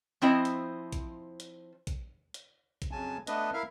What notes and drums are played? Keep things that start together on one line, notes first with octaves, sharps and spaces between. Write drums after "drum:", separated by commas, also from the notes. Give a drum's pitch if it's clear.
F3 C4 E4 C5 D#5
drum: hi-hat
drum: kick, hi-hat
drum: hi-hat
drum: kick, hi-hat
drum: hi-hat
drum: kick, hi-hat
F2 C#3 F#3 G#5 A5
A3 B3 D4 B4 D#5, drum: hi-hat
E4 A#4 E5 F5 F6